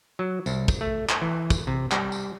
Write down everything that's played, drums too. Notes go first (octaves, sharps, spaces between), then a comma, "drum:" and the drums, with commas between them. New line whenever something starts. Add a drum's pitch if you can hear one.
F#3
C2, drum: tambourine
drum: kick, tambourine
A3
drum: clap
E3
drum: kick, tambourine
C3
G3, drum: clap
drum: tambourine